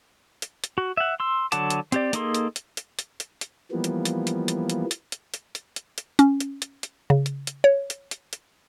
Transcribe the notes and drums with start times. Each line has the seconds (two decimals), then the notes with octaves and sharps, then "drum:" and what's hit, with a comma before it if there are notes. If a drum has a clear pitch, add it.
0.42 drum: hi-hat
0.64 drum: hi-hat
0.78 F#4
0.97 E5 F#5
1.20 C6 E6
1.52 D3 F#3 F#5 A5 D6, drum: hi-hat
1.70 drum: hi-hat
1.92 C4 G4 D5, drum: hi-hat
2.13 A#3 D#4 G#4 A4 C6, drum: hi-hat
2.35 drum: hi-hat
2.56 drum: hi-hat
2.77 drum: hi-hat
2.99 drum: hi-hat
3.20 drum: hi-hat
3.41 drum: hi-hat
3.72 E3 F3 G3 A#3 B3
3.84 drum: hi-hat
4.05 drum: hi-hat
4.27 drum: hi-hat
4.48 drum: hi-hat
4.70 drum: hi-hat
4.91 drum: hi-hat
5.12 drum: hi-hat
5.34 drum: hi-hat
5.55 drum: hi-hat
5.76 drum: hi-hat
5.98 drum: hi-hat
6.19 C#4, drum: hi-hat
6.40 drum: hi-hat
6.62 drum: hi-hat
6.83 drum: hi-hat
7.10 C#3
7.26 drum: hi-hat
7.47 drum: hi-hat
7.64 C#5
7.90 drum: hi-hat
8.11 drum: hi-hat
8.33 drum: hi-hat